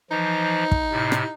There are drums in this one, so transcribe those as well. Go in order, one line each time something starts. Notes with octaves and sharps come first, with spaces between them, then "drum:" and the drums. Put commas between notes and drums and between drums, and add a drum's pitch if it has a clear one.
E3 F3 D#4
drum: kick
A2 C3
drum: rim click